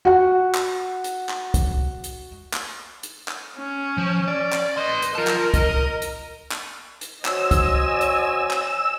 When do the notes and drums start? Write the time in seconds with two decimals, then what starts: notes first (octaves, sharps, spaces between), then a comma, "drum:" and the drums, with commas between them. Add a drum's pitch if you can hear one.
0.05 F#4 F#5
0.54 drum: clap
1.04 drum: hi-hat
1.29 drum: clap
1.54 drum: kick, hi-hat
2.04 drum: hi-hat
2.54 drum: clap
3.03 drum: hi-hat
3.28 drum: clap
3.58 C#4
3.98 F3
4.28 D5
4.53 drum: clap
4.77 B4 D#5 C6
5.02 drum: hi-hat
5.15 F4 A#4 A5
5.27 drum: clap
5.54 D#5, drum: kick, hi-hat
6.02 drum: hi-hat
6.52 drum: clap
7.01 drum: hi-hat
7.25 F#4 C5 C#5 D#5 G#5 E6, drum: clap
7.51 drum: kick, hi-hat
8.01 drum: hi-hat
8.51 drum: clap